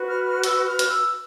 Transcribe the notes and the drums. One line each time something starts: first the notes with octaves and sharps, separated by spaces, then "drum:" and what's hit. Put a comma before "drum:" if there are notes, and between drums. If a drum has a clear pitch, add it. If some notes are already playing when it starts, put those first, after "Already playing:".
Already playing: F#4 B4
F6
F6
E6, drum: hi-hat
F6
drum: hi-hat
E6